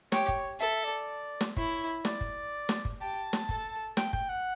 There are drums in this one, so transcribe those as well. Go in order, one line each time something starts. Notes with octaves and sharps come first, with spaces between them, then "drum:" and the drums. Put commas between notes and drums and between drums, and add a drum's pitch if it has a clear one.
G4 C#5, drum: snare
drum: kick
A4 E5
D5
drum: snare
E4 C#5, drum: kick
D5, drum: snare
drum: kick
drum: snare
drum: kick
G4 A5
drum: snare
A4, drum: kick
G5, drum: snare
G5, drum: kick
F#5